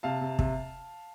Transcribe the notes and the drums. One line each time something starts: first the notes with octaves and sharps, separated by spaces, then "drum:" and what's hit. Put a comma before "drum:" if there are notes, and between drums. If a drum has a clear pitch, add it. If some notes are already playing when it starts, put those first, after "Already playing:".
C3 F5 A5
C3
C3, drum: kick